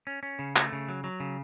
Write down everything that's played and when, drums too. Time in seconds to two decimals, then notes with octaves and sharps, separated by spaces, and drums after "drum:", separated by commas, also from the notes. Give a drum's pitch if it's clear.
0.07 C#4
0.23 C#4
0.39 C#3
0.56 A3, drum: clap
0.72 C#3
0.89 F#3
1.04 F#3
1.20 C#3